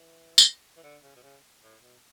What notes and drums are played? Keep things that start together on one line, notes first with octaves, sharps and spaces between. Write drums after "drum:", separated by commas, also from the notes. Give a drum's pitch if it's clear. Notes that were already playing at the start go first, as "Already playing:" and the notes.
Already playing: E3
drum: tambourine
E3
D3
C#3
B2
C#3
A2
B2